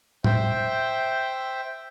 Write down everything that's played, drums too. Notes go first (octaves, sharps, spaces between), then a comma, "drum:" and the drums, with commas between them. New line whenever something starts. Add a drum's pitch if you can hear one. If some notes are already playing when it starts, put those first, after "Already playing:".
C5 E5 G5, drum: tom A2